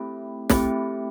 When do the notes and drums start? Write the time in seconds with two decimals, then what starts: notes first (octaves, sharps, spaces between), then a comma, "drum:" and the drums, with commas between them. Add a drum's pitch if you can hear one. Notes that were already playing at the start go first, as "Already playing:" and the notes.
Already playing: A3 C4 E4 G4
0.50 A3 C4 E4 G4, drum: snare